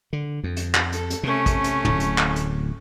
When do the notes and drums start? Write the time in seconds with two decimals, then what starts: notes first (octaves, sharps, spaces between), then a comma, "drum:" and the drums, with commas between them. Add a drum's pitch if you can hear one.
0.13 D3
0.44 F2
0.56 drum: hi-hat
0.74 drum: clap
0.92 A4, drum: hi-hat
1.10 drum: hi-hat
1.23 C3 A3 C#4
1.46 drum: kick, hi-hat
1.64 drum: hi-hat
1.85 D1 A2, drum: tom
2.00 drum: hi-hat
2.18 drum: clap
2.36 drum: hi-hat